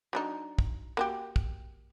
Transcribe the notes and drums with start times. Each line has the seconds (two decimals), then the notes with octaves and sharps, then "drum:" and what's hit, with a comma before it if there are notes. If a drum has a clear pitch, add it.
0.13 F#3 D4 D#4
0.59 drum: kick
0.97 A#3 F#4 G4
1.36 drum: kick